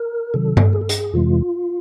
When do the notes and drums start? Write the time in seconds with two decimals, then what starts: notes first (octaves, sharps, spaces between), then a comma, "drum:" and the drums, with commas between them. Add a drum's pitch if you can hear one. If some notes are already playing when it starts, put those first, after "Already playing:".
Already playing: A#4
0.34 C3 D#3 F#3 A4
0.57 drum: tom G2
0.73 G#4
0.81 A4
0.89 G#4, drum: hi-hat
1.13 F2 C3 E3 G#3 F4